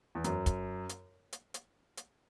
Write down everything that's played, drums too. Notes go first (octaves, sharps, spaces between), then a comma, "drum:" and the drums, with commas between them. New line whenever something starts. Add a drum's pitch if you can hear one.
E2
F#2, drum: hi-hat
drum: kick, hi-hat
drum: hi-hat
drum: hi-hat
drum: hi-hat
drum: hi-hat